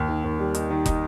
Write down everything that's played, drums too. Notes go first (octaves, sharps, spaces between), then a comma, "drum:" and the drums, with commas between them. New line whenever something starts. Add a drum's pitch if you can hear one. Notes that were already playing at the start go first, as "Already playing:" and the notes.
Already playing: D#2
D#3
D#2
G3
D#4, drum: hi-hat
D#3
D#4, drum: kick, hi-hat